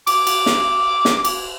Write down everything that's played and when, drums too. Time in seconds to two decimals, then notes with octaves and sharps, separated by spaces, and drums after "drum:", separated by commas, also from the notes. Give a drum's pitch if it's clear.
0.07 D6, drum: cymbal
0.27 drum: cymbal
0.46 drum: snare
1.05 drum: snare
1.25 drum: cymbal